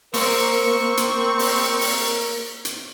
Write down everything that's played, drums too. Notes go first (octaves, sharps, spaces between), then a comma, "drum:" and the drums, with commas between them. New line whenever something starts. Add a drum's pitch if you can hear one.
A#3 C4 A#4 C#6, drum: open hi-hat
drum: hi-hat
drum: open hi-hat
drum: open hi-hat
drum: hi-hat